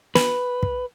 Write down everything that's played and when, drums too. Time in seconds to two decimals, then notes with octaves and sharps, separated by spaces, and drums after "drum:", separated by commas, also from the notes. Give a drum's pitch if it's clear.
0.15 B4, drum: snare
0.63 drum: kick